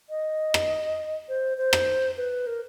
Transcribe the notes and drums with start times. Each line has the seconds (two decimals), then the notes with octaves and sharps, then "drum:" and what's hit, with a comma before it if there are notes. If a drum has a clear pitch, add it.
0.09 D#5
0.54 drum: rim click
1.29 C5
1.58 C5
1.73 drum: rim click
2.17 B4
2.47 A#4